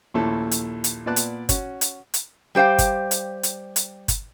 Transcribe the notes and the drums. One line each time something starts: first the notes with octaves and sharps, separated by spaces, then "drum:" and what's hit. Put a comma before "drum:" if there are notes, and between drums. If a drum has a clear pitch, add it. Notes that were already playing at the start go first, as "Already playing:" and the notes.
A#1 D#2 A3 C#4 E4 A4
drum: hi-hat
drum: hi-hat
A#2 B3 D5 A5 F#6
drum: hi-hat
C#4 F#4, drum: kick G1, hi-hat
drum: hi-hat
drum: hi-hat
G3 G4 C5 F5 G5
drum: kick G1, hi-hat
drum: hi-hat
drum: hi-hat
drum: hi-hat
drum: kick G1, hi-hat